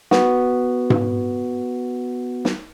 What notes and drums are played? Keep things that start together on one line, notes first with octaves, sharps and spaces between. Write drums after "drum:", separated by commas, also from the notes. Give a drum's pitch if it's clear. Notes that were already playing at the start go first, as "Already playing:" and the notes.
B3 F#4, drum: snare
drum: tom G#2
drum: snare